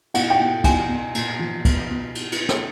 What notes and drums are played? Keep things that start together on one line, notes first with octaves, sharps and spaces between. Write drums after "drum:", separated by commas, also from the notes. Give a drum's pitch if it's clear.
B2 F#5, drum: cymbal
G5
B2
B2 G#5, drum: kick, cymbal
B2
A#2, drum: cymbal
F3
B2, drum: kick, cymbal
B2
drum: cymbal
drum: cymbal
drum: snare